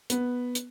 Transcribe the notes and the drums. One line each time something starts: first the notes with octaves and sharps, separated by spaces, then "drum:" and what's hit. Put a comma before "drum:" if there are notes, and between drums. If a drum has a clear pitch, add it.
B3, drum: hi-hat
drum: hi-hat